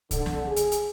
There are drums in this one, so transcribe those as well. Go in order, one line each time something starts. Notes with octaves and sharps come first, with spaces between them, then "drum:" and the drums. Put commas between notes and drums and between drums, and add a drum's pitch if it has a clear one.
D3, drum: kick, hi-hat
drum: snare
G#4
drum: hi-hat
drum: hi-hat